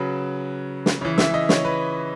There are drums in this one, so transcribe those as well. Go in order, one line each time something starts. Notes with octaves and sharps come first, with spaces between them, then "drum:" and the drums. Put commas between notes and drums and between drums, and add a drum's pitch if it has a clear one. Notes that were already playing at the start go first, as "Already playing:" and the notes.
Already playing: C#3 F#3 B4
drum: snare
C#3 E3 C#5
E5, drum: snare
D#5
C#5, drum: snare
B4